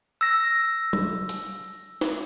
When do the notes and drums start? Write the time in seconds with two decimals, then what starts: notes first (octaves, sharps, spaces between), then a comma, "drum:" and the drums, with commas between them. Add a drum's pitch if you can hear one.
0.21 E6 A#6
0.93 drum: tom
1.29 drum: hi-hat
2.01 drum: snare